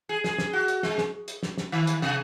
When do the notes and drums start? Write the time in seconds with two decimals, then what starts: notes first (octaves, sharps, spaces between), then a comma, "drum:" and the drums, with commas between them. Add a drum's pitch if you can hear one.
0.09 G#4
0.24 G#4, drum: snare
0.39 drum: snare
0.53 F#4
0.68 drum: hi-hat
0.83 G#3, drum: snare
0.98 drum: snare
1.28 drum: hi-hat
1.43 drum: snare
1.58 drum: snare
1.72 D#3
1.87 drum: hi-hat
2.02 C3, drum: snare